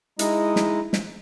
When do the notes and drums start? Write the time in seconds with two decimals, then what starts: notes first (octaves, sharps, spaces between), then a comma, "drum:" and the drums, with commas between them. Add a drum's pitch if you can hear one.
0.19 G#3 D#4 E4 D#5, drum: hi-hat
0.56 drum: snare
0.93 drum: snare